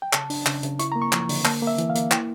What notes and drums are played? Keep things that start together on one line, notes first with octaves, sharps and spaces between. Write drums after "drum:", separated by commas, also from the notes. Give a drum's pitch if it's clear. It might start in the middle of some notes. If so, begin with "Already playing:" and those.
G5
C#3 A5, drum: clap
D4, drum: open hi-hat
C#3, drum: clap
C#3, drum: hi-hat
E4 C#6, drum: hi-hat
A#3 A#5
C#6
F3, drum: clap
D3, drum: open hi-hat
A#3 A5, drum: clap
A#3
E5
E3, drum: hi-hat
F5
A#3, drum: hi-hat
E4 G5, drum: clap